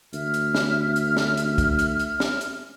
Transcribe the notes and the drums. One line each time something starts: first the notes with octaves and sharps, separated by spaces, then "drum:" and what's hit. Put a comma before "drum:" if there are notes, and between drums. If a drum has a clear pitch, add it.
D2 E5 F6, drum: hi-hat
drum: hi-hat
drum: snare
drum: hi-hat
drum: snare
drum: hi-hat
drum: kick, hi-hat
drum: hi-hat
drum: hi-hat
drum: snare
drum: hi-hat